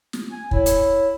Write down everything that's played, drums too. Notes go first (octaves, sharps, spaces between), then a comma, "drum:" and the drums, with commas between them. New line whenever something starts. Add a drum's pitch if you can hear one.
drum: snare
G#5
E4 C#5, drum: kick
drum: hi-hat